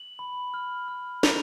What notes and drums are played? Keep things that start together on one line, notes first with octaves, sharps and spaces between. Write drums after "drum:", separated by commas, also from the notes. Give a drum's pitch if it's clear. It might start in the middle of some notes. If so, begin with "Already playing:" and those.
Already playing: F#7
B5
F6
F6
A#5 F7, drum: snare